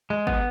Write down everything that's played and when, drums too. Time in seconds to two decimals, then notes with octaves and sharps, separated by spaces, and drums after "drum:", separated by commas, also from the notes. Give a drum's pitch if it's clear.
0.10 G#3
0.27 B3, drum: kick